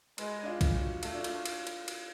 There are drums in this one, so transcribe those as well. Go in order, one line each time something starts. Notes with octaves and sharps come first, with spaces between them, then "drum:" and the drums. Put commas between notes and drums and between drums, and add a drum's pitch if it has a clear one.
G#3 B4, drum: cymbal
D4
F4
drum: kick, cymbal
F#4
A3 F4, drum: cymbal
D4
F4, drum: cymbal
drum: cymbal
drum: cymbal
drum: cymbal